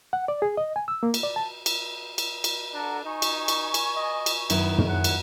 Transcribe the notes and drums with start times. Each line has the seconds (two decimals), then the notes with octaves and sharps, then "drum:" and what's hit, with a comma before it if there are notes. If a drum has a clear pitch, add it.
0.13 F#5
0.28 D5
0.42 G#4
0.57 D#5
0.76 G#5
0.88 E6
1.03 A#3
1.14 drum: cymbal
1.23 D5
1.36 A5
1.66 drum: cymbal
2.18 drum: cymbal
2.44 drum: cymbal
2.74 D4 A4 F#5 A#5
3.05 D#4 G#5 C#6
3.22 drum: cymbal
3.48 drum: cymbal
3.74 drum: cymbal
3.96 D#5
4.26 drum: cymbal
4.50 F#2 D#3 B3 E4, drum: cymbal
4.78 drum: tom
4.88 G#4 C#5 F#5 F#6
5.04 drum: cymbal